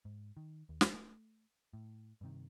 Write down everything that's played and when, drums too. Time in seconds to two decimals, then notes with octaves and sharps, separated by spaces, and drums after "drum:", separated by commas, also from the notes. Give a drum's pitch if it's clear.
0.05 G#2
0.37 D#3
0.69 D#2
0.81 drum: snare
0.94 A3
1.73 A2
2.21 G2 C3 D#3